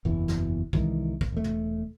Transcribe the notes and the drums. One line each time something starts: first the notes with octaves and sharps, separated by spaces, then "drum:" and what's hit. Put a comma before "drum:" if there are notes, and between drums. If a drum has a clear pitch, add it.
F#1 E2 B2 E3
drum: snare
C2 D#3 E3 G#3, drum: kick
drum: kick
E1 A3
drum: tom